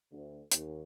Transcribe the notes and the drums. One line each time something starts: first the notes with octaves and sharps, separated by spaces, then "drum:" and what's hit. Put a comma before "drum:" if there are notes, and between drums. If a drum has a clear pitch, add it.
D2
D#2, drum: hi-hat